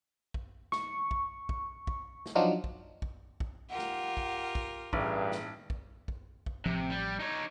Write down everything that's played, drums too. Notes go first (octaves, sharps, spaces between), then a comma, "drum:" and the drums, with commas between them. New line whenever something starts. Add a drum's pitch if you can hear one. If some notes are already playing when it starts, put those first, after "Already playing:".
drum: kick
C#6, drum: snare
drum: kick
drum: kick
drum: kick
drum: snare
F3 F#3 D4 D#4 F4 F#4
drum: kick
drum: kick
drum: kick
F4 G4 A#4 F#5
drum: snare
drum: kick
drum: kick
A1 G2 G#4, drum: kick
drum: snare
drum: kick
drum: kick
drum: kick
A1 C3 F3 C4
G3
D#4 C#5